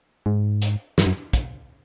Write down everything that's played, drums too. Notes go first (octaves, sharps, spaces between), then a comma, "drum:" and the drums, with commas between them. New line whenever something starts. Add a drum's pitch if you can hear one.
G#2
drum: hi-hat
G2, drum: snare
F#2
drum: kick, hi-hat